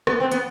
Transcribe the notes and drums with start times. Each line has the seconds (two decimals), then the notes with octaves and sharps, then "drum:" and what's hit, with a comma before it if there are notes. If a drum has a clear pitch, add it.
0.07 B3, drum: rim click
0.20 C4
0.31 B3, drum: hi-hat